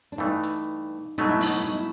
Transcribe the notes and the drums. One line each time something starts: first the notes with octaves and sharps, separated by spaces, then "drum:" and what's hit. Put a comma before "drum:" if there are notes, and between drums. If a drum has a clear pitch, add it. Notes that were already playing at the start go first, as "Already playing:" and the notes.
D4
G2 E3 A3 D#4
drum: hi-hat
B2 F#3 A3 D#4, drum: hi-hat
E4
D#4, drum: open hi-hat
E4
D#4
E4